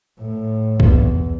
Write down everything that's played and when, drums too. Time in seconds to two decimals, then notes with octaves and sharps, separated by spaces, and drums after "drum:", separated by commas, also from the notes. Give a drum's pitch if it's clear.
0.20 A2
0.80 E2, drum: kick C2